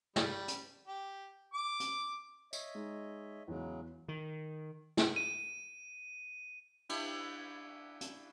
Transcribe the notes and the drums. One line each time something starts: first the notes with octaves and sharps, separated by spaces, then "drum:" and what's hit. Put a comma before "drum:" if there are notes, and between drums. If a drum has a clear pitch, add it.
G3, drum: snare
drum: hi-hat
G4
D6
drum: hi-hat
C#5 D#5 E5, drum: tambourine
G#3 D#4
E2 C#3 E3 F#3 G#3
D#3
drum: snare
D#7
D4 E4 G4, drum: cymbal
drum: hi-hat